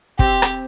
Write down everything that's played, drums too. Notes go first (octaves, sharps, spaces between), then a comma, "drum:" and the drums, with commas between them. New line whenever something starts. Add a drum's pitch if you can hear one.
C4 G4, drum: kick
drum: rim click